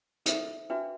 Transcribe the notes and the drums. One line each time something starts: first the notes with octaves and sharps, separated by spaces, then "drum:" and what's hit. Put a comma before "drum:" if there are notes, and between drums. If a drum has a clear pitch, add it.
A4 C5 E5, drum: hi-hat
D4 F#4 B4 E5 G5